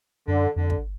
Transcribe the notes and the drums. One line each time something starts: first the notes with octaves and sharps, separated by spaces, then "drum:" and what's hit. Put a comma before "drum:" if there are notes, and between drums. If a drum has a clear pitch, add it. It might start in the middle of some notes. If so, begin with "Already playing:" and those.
F#2 D3
F2 D3
drum: kick